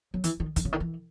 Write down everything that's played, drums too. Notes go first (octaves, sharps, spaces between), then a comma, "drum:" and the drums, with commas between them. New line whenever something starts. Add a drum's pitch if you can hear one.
F#3
E3, drum: hi-hat
D#3
D#3, drum: kick, hi-hat
C#3
D#3
E3